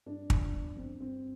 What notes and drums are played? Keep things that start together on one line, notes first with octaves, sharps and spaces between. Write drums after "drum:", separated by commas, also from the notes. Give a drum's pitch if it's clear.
G2 D4
F3, drum: kick
G1
D3 C4
G2 C4